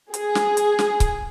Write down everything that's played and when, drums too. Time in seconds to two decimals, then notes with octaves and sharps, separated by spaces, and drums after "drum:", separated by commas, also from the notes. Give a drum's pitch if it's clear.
0.14 G#4, drum: hi-hat
0.35 drum: snare
0.57 drum: hi-hat
0.79 drum: snare
1.00 drum: kick C#1, hi-hat